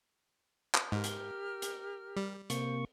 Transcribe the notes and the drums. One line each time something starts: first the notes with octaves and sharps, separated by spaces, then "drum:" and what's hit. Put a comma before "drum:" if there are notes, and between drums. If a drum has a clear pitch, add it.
drum: clap
G#2 G4 A#4 F6
drum: hi-hat
drum: hi-hat
G3
C3 A#3 C5 C#6, drum: hi-hat